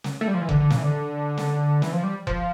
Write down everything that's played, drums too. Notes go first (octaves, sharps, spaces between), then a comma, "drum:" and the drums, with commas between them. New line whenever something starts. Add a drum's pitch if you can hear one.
drum: snare
A3
G3
F3
E3
D3, drum: kick F1
D3
A#2, drum: snare
E3
D3
drum: snare
E3, drum: snare
F3
G3
F3, drum: kick F1